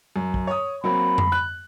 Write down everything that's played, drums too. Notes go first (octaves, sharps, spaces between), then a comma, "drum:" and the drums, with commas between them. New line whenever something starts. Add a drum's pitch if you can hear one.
F#2
drum: kick
C#5 D#6
F#3 A#3 C4 B5
drum: tom F2
F#6